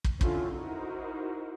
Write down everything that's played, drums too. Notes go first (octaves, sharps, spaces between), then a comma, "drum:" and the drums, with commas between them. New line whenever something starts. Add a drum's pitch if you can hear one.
drum: kick
D3 C4 C#4 E4 F4, drum: kick
D#4 E4 F#4 A#4 C5